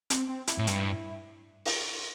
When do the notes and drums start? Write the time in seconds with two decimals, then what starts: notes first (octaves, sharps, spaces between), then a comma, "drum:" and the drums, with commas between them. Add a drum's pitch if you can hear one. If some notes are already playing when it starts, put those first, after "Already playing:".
0.10 C4, drum: hi-hat
0.29 C4
0.47 E4, drum: hi-hat
0.58 A2
0.67 G2, drum: hi-hat
1.65 drum: open hi-hat